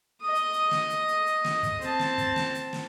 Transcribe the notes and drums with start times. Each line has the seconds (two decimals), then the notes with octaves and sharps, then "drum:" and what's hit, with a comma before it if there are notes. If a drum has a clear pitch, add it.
0.21 D#5 D#6
0.35 drum: hi-hat
0.53 drum: hi-hat
0.71 drum: snare
0.90 drum: hi-hat
1.08 drum: hi-hat
1.26 drum: hi-hat
1.44 drum: snare
1.63 drum: kick, hi-hat
1.81 C4 A5, drum: hi-hat
1.99 drum: snare
2.18 drum: kick, hi-hat
2.36 drum: snare
2.54 drum: hi-hat
2.73 drum: snare